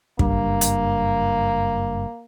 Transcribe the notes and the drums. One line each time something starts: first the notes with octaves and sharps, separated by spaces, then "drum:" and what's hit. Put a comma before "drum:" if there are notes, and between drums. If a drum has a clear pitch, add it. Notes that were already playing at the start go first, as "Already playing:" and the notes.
F#1 G2 A#3, drum: kick
drum: hi-hat